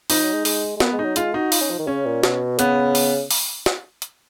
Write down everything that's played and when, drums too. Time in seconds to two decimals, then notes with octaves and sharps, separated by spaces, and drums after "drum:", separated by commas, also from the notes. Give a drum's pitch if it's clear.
0.10 F3 D#4, drum: open hi-hat
0.22 F#3
0.33 G#3
0.45 G#3, drum: open hi-hat
0.77 G#3
0.80 A#3 B3, drum: snare
0.93 G#3
0.99 D#4
1.04 F#3
1.16 G#3 F4, drum: hi-hat
1.34 D#4 F#4
1.52 F4, drum: open hi-hat
1.61 C#4
1.71 F3
1.79 D#3
1.87 C#3 C#4
2.06 A#2
2.23 B2, drum: snare
2.59 C#3 B3, drum: hi-hat
2.95 drum: open hi-hat
3.31 drum: open hi-hat
3.66 drum: snare
4.02 drum: hi-hat